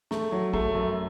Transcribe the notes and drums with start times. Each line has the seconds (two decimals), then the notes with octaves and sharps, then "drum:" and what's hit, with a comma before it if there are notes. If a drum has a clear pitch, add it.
0.11 A3, drum: snare
0.32 F#3
0.53 A3, drum: kick
0.74 F#2